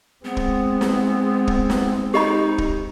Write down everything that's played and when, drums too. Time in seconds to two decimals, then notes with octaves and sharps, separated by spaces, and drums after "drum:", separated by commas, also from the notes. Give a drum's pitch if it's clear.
0.25 G#3 B3 C4
0.37 drum: kick
0.81 drum: snare
1.47 drum: kick
1.70 drum: snare
2.14 D#4 G4 D#5 B5
2.58 drum: kick